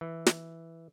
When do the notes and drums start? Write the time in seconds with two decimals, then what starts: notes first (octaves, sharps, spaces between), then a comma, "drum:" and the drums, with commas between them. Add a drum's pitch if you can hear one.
0.01 E3
0.26 drum: snare